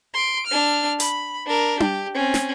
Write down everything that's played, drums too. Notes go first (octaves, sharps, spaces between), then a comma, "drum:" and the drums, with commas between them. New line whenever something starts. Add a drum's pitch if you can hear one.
C6 D7
D4 F6
B5, drum: hi-hat
D4 A#4
G4, drum: tom D4
C4 C#4
drum: snare